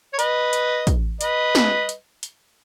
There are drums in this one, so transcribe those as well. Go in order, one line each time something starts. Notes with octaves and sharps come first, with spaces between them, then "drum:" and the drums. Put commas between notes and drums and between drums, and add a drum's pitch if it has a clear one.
C#5
B4 D#5, drum: hi-hat
drum: hi-hat
drum: kick, hi-hat
B4 D#5, drum: hi-hat
drum: snare
drum: hi-hat
drum: hi-hat